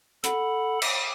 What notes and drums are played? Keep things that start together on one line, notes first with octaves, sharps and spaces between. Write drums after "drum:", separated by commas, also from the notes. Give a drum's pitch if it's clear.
A4 F#5 B5, drum: hi-hat
drum: cymbal